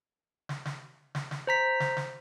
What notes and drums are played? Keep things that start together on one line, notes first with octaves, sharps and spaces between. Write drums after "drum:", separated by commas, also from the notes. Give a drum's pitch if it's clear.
drum: snare
drum: snare
drum: snare
drum: snare
C5 A#5 B6
drum: snare
drum: snare